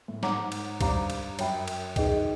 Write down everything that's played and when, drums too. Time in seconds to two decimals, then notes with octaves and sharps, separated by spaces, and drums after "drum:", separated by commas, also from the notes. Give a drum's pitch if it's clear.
0.08 A2
0.23 G#2 C#5 F#5 A#5 D6, drum: snare
0.52 drum: cymbal
0.81 G2 G4 C5 F5 A#5 D6, drum: kick, cymbal
1.10 drum: cymbal
1.39 F#2 C#5 E5 G5 B5, drum: cymbal
1.68 drum: cymbal
1.96 D#4 G#4 B4 D#5 G5, drum: kick, cymbal